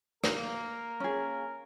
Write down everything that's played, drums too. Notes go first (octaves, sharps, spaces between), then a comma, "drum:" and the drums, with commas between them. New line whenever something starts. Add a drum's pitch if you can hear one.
A#3 A#4, drum: rim click
C#4 G#4